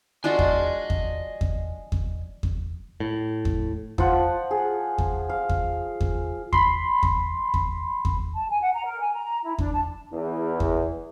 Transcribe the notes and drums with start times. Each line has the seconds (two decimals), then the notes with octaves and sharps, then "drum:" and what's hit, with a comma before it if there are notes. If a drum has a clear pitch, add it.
0.24 D4 F4 F#4 D#5 G#5
0.39 drum: kick E2
0.90 drum: kick E2
1.41 drum: kick E2
1.92 drum: kick E2
2.43 drum: kick E2
3.00 A2
3.45 drum: kick E2
3.98 F3 F4 F#5, drum: kick E2
4.51 G#4
4.98 drum: kick E2
5.29 F5
5.49 drum: kick E2
6.01 drum: kick E2
6.53 B5 C6, drum: kick E2
7.03 drum: kick E2
7.54 drum: kick E2
8.05 drum: kick E2
8.34 A5
8.50 G#5
8.61 F#5
8.73 A#5
8.85 A#4
9.00 G#5
9.13 A#5
9.43 E4
9.58 D4, drum: kick E2
9.73 A5
10.13 E2
10.60 drum: kick E2